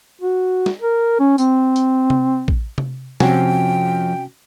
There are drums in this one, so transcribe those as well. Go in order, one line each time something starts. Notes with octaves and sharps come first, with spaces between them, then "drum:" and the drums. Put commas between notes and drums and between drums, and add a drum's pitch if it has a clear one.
F#4
drum: snare
A#4
C#4
C4, drum: tambourine
drum: hi-hat
drum: tom C3
drum: kick A1
drum: tom C3
F2 C3 F3 C#4 F#4 G5 G#5, drum: snare